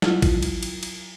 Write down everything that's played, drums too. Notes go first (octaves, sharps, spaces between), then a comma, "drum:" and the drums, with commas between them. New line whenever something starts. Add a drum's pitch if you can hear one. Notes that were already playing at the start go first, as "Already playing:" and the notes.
F#3 E4 F4, drum: snare
drum: kick, cymbal
drum: cymbal
drum: cymbal
drum: cymbal